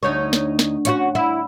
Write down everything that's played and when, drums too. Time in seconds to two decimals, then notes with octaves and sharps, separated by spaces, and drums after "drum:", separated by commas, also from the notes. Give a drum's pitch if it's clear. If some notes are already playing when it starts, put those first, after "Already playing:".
0.03 D2 D#4 C#5
0.33 drum: snare
0.59 drum: snare
0.85 C#4 F4 F#4, drum: hi-hat
1.15 E4